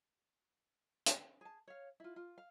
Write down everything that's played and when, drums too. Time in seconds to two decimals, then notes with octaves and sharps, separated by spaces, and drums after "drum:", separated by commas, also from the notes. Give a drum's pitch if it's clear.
1.06 drum: hi-hat
1.41 G#4 A5
1.68 C#5 F5
2.00 E4 F4
2.16 F4
2.38 F5